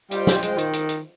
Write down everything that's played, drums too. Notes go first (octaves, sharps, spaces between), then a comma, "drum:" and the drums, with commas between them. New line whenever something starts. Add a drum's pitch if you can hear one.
G3 F4 C5 D#5 G5, drum: hi-hat
drum: snare
G#3, drum: hi-hat
D#3, drum: hi-hat
drum: hi-hat
drum: hi-hat